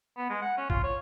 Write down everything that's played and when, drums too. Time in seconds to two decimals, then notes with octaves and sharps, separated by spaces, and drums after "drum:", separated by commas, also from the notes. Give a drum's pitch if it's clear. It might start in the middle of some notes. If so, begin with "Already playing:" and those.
0.17 B3
0.30 G#3
0.42 F#5
0.57 C#4
0.70 F4, drum: kick A#1
0.84 C#5